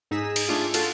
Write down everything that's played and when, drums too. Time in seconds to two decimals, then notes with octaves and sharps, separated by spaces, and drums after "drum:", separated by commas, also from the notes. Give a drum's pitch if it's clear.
0.11 G#2 D#4 G#4 E6 B6
0.36 drum: cymbal
0.48 A3 D4 F4 G#4
0.74 F4 F#4 A4 F5, drum: cymbal